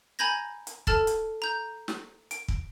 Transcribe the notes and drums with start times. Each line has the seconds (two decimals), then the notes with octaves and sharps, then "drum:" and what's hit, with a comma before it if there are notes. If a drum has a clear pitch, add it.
0.19 G#5 A#5 B5 G6 G#6 A#6
0.67 drum: hi-hat
0.87 A4 A5 F6 A6, drum: kick
1.07 drum: hi-hat
1.42 A#5 G6
1.88 drum: snare
2.31 D7, drum: hi-hat
2.48 drum: kick